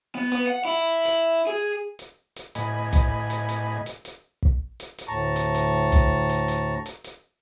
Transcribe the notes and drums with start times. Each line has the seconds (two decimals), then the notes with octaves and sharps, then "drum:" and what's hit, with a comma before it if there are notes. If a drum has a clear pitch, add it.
0.15 B3
0.32 B3, drum: hi-hat
0.47 F#5
0.65 E4
1.06 drum: hi-hat
1.47 G#4
1.99 drum: hi-hat
2.37 drum: hi-hat
2.55 A2 D#5 G#5 B5, drum: hi-hat
2.93 drum: kick, hi-hat
3.30 drum: hi-hat
3.49 drum: hi-hat
3.86 drum: hi-hat
4.05 drum: hi-hat
4.42 drum: kick
4.80 drum: hi-hat
4.99 drum: hi-hat
5.08 D2 A2 A5 A#5 C#6
5.36 drum: hi-hat
5.55 drum: hi-hat
5.92 drum: kick, hi-hat
6.30 drum: hi-hat
6.48 drum: hi-hat
6.86 drum: hi-hat
7.05 drum: hi-hat